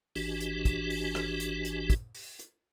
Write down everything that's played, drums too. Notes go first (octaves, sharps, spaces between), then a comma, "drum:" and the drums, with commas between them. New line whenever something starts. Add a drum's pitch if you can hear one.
G#1 E3 D4 F#4 G4, drum: open hi-hat
drum: hi-hat
drum: kick, hi-hat
drum: open hi-hat
drum: rim click
drum: hi-hat
drum: hi-hat
drum: kick, hi-hat
drum: open hi-hat
drum: hi-hat